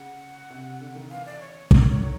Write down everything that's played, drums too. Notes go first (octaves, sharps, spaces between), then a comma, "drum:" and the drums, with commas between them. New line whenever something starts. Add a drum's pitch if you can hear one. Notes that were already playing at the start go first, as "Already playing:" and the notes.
Already playing: C#3 F#5
C3
D3
D#3
E3 F5
D5
C#5
D#3, drum: kick
D#3
D3
F#3